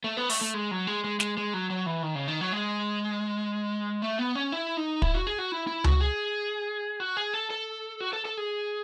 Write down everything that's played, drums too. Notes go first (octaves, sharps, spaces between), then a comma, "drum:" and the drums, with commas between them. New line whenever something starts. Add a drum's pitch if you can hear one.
A3
B3
A3, drum: open hi-hat
A3
G#3
F#3
G#3
G#3
G#3, drum: snare
G#3
F#3
F#3
E3
D#3
C#3
D#3
F#3
G#3
A3
B3
C#4
E4
D#4
E4, drum: kick
F#4
G#4
F#4
E4
E4
F#4, drum: tom C#2
G#4
F#4
G#4
A4
A4
F#4
A4
A4
G#4